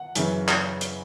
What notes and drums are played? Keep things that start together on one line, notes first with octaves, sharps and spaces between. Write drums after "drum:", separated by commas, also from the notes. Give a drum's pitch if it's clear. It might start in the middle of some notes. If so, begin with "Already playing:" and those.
Already playing: F#5
F#2 C#3 E3, drum: hi-hat
drum: clap
drum: hi-hat